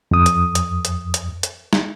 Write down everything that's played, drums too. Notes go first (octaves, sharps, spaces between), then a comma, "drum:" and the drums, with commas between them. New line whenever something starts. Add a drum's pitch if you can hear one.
F2 D#6
drum: hi-hat
drum: hi-hat
drum: hi-hat
drum: hi-hat
drum: hi-hat
drum: snare